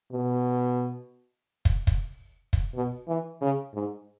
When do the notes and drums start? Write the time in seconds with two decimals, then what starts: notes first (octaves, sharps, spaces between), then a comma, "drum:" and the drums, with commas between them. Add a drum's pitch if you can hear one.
0.12 B2
1.65 drum: kick
1.87 drum: kick
2.53 drum: kick
2.75 B2
3.08 E3
3.41 C#3
3.74 G#2